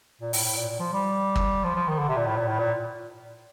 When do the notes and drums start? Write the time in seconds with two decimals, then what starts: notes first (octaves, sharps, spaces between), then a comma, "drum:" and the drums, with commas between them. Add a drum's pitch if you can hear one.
0.21 A#2
0.33 A2, drum: open hi-hat
0.44 A2
0.56 A#2
0.68 A#2
0.80 F3
0.93 G3
1.36 drum: kick
1.64 F3
1.75 F3
1.88 D#3
1.99 D3
2.09 C3
2.17 A#2
2.26 A2
2.36 A#2
2.47 A2
2.59 A#2